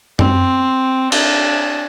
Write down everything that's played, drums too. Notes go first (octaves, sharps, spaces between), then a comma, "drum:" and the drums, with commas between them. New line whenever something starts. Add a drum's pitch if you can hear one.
C4, drum: tom F#2
D4, drum: cymbal